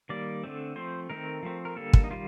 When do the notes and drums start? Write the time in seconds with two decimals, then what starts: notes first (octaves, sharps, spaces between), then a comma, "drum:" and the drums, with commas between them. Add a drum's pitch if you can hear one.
0.09 D#3 G3 A#3 D5
0.43 D3 A3 C4
0.76 F3 A3 C4 C5
1.10 D#3 A3 C4 A#4
1.43 F3 A3 C4
1.65 A#4
1.76 D3 G3 A#3 A4
1.93 drum: kick
2.04 D#4
2.10 D#3 G3 F4